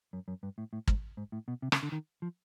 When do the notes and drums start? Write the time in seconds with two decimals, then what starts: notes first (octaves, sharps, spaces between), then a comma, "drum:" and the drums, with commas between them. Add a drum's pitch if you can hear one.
0.13 F#2
0.28 F#2
0.43 G2
0.58 A2
0.73 A2
0.87 G#2, drum: kick
1.17 G#2
1.32 A2
1.48 B2
1.62 C3
1.72 C#3, drum: rim click
1.83 D3
1.92 D#3
2.22 F3